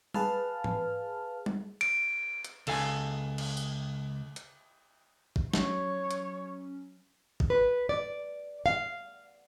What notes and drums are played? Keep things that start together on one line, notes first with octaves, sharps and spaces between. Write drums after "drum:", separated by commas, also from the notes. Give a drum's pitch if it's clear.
G#4 B4 F5 A5 F6, drum: tom G3
drum: tom G#2
drum: tom G3
D7, drum: cymbal
drum: hi-hat
C#2 A4 F5 G#5, drum: cymbal
drum: cymbal
drum: tambourine
drum: hi-hat
drum: kick A1
F#3 C#4 C#5, drum: snare
drum: hi-hat
drum: kick A1
B4
D5
F5